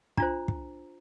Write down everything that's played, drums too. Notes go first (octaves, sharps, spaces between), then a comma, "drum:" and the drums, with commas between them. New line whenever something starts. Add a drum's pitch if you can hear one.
D4 F4 C5 A#5, drum: kick
drum: kick